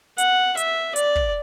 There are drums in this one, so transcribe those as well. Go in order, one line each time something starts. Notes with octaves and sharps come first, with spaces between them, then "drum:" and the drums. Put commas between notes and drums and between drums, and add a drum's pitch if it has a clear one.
F#5, drum: hi-hat
E5, drum: hi-hat
D5, drum: hi-hat
drum: kick